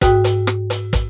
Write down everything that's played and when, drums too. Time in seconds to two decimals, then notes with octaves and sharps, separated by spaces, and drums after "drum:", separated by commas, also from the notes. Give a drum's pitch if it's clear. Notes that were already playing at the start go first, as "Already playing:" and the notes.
0.01 G#2 F#4 G5 D#6, drum: kick, hi-hat
0.24 drum: hi-hat
0.47 drum: rim click
0.70 drum: hi-hat
0.93 drum: kick, hi-hat